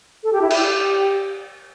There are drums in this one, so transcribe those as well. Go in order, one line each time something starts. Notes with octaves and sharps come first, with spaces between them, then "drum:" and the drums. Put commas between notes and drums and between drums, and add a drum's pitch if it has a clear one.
A4
G4
E4
G4, drum: cymbal